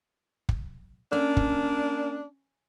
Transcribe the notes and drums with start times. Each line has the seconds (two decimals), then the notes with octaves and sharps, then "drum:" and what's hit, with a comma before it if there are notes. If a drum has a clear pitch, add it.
0.49 drum: kick
1.13 A#3 C#4 D4
1.37 drum: kick